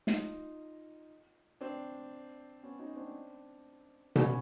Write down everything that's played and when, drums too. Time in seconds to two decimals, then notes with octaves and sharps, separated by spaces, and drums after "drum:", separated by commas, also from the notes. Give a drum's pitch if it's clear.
0.07 D#4 F4, drum: snare
1.61 C4 D4
2.63 B3 C#4
2.79 C#4 D#4
2.96 C4 D4
4.16 B3 C#4, drum: tom B2